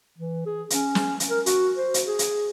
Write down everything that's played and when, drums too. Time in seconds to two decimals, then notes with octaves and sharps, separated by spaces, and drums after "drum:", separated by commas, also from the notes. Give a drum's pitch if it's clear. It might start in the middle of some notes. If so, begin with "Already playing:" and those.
0.18 E3
0.46 G#4
0.70 C#4, drum: hi-hat
0.95 drum: snare
1.20 drum: hi-hat
1.30 A#4
1.46 F#4, drum: hi-hat
1.77 C5
1.94 drum: hi-hat
2.07 G#4
2.19 drum: hi-hat